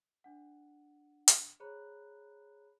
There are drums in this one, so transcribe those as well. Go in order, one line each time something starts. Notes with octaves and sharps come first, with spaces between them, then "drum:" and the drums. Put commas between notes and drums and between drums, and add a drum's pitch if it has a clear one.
D4 F#5
drum: hi-hat
G#4 C5 C#5 A#5 B5 F#6